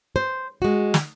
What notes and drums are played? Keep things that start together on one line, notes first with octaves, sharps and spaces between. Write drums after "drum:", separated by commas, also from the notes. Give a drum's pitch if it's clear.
C5
G#3 F#4
drum: snare